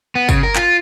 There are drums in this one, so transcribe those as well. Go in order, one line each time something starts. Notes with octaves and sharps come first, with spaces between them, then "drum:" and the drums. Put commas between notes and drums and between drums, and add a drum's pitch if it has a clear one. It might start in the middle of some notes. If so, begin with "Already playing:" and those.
B3
C#3, drum: kick, tambourine
A#4
F4, drum: clap